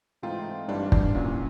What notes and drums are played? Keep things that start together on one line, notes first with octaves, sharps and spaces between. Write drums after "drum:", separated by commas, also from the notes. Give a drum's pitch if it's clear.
G#2 E3 A3 C4 D#4 F4
G#1 G2 E3 G3 D4
D4, drum: kick
C2 A#2 F#3 C#4